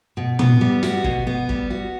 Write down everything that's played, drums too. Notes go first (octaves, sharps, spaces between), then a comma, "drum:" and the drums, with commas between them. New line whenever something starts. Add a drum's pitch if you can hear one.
B2
B3, drum: tom
G3
F#4, drum: snare
B2, drum: kick
B3
G3, drum: kick
F#4